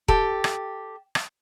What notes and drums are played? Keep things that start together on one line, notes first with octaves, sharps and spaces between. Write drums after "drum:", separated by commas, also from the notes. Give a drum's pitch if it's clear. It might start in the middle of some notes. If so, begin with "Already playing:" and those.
G4 A4 G5, drum: kick E1
drum: rim click
drum: rim click